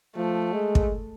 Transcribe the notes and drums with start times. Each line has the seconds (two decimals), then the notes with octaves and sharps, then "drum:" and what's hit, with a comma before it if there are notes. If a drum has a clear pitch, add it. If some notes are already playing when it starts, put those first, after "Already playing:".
0.16 F3 A3
0.53 G#3
0.75 drum: kick